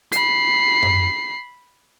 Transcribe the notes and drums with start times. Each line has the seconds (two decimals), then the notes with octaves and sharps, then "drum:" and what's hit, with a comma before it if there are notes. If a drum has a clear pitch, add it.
0.12 B5 C7, drum: hi-hat
0.83 drum: tom F#2